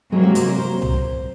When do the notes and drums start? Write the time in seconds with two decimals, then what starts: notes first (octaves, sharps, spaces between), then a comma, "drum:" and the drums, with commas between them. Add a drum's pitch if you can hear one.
0.12 C3 F#3 G#3 A#3
0.23 F#4
0.35 C5, drum: hi-hat
0.47 A#4
0.58 C5
0.82 drum: tom C2